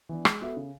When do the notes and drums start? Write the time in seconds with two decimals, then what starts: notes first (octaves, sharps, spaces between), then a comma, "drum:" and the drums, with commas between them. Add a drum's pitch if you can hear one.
0.09 E3 B3 D4
0.25 G#3, drum: rim click
0.41 B3 F#4 A4 E5
0.57 C#3